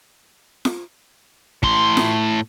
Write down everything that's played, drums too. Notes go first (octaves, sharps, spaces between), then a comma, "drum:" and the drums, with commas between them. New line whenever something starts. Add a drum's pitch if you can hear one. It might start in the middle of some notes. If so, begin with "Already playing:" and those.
drum: snare F4
A2 C6, drum: kick
drum: snare F4